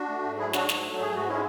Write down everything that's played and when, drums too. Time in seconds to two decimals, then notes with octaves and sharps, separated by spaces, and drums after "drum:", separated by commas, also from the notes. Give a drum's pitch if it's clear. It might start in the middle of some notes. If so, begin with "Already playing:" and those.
Already playing: D4 F#4
0.08 A3
0.23 G#2
0.38 F#3 E4 G#4
0.53 G#2 D4 F#4, drum: snare
0.69 F#3, drum: snare
0.84 A3
0.98 G#2 G#4
1.13 G#2 F#4
1.27 G#3 C#4 E4